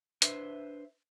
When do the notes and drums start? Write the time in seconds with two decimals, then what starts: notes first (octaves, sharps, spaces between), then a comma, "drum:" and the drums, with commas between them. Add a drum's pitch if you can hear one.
0.22 D4 B4 C5 E5, drum: hi-hat